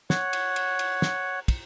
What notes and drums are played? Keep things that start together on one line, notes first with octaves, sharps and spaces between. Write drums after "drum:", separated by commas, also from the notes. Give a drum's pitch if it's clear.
C#5 F#5, drum: snare
drum: cymbal
drum: cymbal
drum: cymbal
drum: snare
drum: kick, cymbal